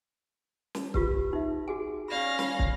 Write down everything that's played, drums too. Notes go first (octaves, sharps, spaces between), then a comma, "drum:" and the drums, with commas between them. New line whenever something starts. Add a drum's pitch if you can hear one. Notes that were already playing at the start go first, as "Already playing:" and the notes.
drum: snare
F4 G4 B4, drum: kick
D#4 E5
F#4 G#4 G#5
C#4 D5 F5 B5 A#6
B5, drum: snare
drum: kick